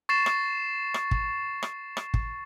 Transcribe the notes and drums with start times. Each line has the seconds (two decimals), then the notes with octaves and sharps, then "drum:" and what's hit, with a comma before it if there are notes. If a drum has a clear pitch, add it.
0.09 C#6 A6 C7 E7
0.26 drum: rim click
0.94 drum: rim click
1.11 drum: kick
1.63 drum: rim click
1.97 drum: rim click
2.14 drum: kick